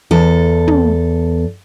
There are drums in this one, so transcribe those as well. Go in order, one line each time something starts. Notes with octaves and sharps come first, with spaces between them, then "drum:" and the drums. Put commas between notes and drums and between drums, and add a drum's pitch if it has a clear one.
E2 A4
drum: tom